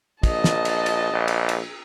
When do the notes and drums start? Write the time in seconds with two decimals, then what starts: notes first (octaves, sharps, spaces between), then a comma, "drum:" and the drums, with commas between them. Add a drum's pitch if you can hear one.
0.23 A#1 D#5 A5, drum: kick, cymbal
0.44 drum: snare
0.65 drum: cymbal
0.86 drum: cymbal
1.12 A#1
1.28 drum: cymbal
1.49 drum: cymbal